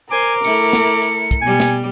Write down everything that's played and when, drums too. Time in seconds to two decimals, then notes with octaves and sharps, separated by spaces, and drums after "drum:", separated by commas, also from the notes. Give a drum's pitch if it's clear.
0.11 A#4 C5 G#5 D6
0.44 A3 E4 C#7, drum: hi-hat
0.73 drum: snare
1.02 drum: hi-hat
1.31 drum: kick, hi-hat
1.42 B2 G3 G#5
1.60 drum: snare